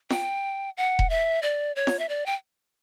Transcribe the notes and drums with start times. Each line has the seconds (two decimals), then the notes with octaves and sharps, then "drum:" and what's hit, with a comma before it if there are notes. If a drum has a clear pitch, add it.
0.10 G5, drum: snare
0.77 F#5
0.99 drum: kick E1
1.10 E5
1.43 D5
1.76 C#5
1.87 drum: snare
1.99 E5
2.09 D5
2.26 G5